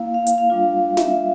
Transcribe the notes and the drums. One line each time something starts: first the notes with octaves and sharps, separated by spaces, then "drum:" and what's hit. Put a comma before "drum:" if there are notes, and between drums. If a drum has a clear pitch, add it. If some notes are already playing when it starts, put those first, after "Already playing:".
Already playing: A#3 E4 F5
F5
F5, drum: hi-hat
F5
G3 D4 F4
E5, drum: snare